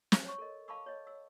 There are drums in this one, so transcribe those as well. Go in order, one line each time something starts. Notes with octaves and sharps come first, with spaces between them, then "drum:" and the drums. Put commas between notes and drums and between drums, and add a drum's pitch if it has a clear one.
drum: snare
C#5 C#6
A4 A#4 D#5
F5 A5 B5 C#6 D6 E6
C#5 D#5
E6